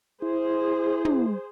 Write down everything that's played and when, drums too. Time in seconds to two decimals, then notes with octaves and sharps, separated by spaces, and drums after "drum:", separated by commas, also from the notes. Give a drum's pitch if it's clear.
0.22 E4 G#4 C5
1.05 drum: tom